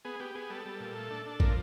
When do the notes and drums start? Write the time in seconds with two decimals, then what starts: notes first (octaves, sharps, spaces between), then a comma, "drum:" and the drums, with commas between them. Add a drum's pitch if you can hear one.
0.05 B3 G#4
0.20 B3 G4
0.35 B3 G#4
0.50 G3 A4
0.65 G3
0.80 A#2
0.95 A3
1.10 D4
1.26 D4
1.40 F3 A#4, drum: kick